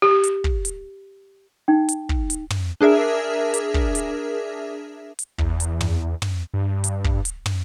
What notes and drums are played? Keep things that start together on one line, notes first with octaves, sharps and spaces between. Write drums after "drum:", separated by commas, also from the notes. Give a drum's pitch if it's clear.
G4
drum: hi-hat
drum: kick
drum: hi-hat
D#4 G5
drum: hi-hat
drum: kick
drum: hi-hat
drum: tom
D4 G#4 A#4 E5
drum: hi-hat
drum: kick
drum: hi-hat
drum: hi-hat
E2, drum: kick
drum: hi-hat
drum: tom
drum: tom
G2
drum: hi-hat
drum: kick
drum: hi-hat
drum: tom